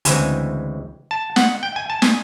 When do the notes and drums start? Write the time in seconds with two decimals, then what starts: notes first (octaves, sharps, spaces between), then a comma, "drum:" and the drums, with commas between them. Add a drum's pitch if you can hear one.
0.05 D2 C#3 E3 G#3 C4 G#5, drum: hi-hat
1.11 A5
1.36 F#5, drum: snare
1.63 G5
1.76 G#5
1.90 A5
2.02 G#5, drum: snare